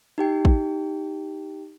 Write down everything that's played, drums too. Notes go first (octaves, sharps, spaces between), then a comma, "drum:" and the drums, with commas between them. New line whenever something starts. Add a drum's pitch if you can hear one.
D#4 G4 G5
drum: kick